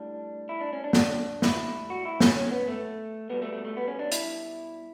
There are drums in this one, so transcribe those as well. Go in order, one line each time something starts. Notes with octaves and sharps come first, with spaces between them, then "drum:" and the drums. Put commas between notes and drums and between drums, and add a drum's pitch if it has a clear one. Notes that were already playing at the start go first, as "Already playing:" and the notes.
Already playing: A2 G3 D4
E4
D4
C#4
D4
drum: snare
A2 G3 E4, drum: snare
F#4
E4
C#4, drum: snare
C#4
B3
A3
B2 G3 B3
A3
A3
A3
B3
C#4
D4
E4, drum: hi-hat